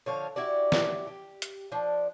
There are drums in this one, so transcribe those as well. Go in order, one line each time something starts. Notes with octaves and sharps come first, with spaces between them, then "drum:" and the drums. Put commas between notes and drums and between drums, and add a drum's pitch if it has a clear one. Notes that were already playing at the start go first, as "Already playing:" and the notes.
D3 F3 C#5 F5
E4 F#4 G4 D5
drum: snare
G4
drum: hi-hat
F3 D4